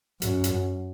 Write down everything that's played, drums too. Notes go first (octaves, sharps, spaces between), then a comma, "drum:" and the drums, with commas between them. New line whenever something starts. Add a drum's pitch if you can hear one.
F#2, drum: hi-hat
drum: hi-hat